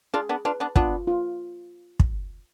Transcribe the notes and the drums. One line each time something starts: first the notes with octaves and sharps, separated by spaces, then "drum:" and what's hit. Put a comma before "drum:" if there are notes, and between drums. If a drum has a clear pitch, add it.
D4 F4 G#4
B3 D4
D4 F4 B4
B3 D4
B3 D4 F4, drum: kick
F4
drum: kick